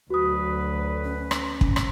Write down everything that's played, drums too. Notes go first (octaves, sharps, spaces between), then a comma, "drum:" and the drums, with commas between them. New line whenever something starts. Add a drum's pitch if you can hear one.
D2 F#3 F#4 B4 D#6
C#4
drum: rim click
drum: kick
drum: rim click